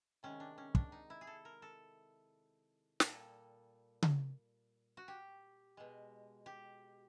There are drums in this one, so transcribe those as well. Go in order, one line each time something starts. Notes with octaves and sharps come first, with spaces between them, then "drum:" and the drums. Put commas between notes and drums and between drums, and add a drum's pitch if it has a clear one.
C3 D#3 G#3 C#4
D4
C#4
D4, drum: kick
D#4
E4
G#4
A4
A#4
A4
A#2 G3 A4, drum: snare
drum: tom C#3
F#4
G4
B2 G#3
G4